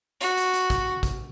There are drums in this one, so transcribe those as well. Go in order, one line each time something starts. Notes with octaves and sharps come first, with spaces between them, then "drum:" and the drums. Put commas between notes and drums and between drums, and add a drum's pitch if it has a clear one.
F#4, drum: hi-hat
drum: hi-hat
drum: hi-hat
drum: kick, hi-hat
drum: kick, hi-hat